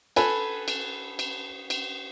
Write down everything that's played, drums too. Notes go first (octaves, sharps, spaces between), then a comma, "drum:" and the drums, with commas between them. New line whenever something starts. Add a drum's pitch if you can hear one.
A4 B4 G#5, drum: cymbal
drum: cymbal
drum: cymbal
drum: cymbal